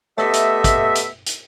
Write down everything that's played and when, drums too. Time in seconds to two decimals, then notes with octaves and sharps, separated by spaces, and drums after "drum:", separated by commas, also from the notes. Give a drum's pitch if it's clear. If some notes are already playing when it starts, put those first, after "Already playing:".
0.18 A3 B3 G4 D#5 E5, drum: rim click
0.33 drum: hi-hat
0.64 drum: kick, hi-hat
0.95 drum: hi-hat
1.26 drum: hi-hat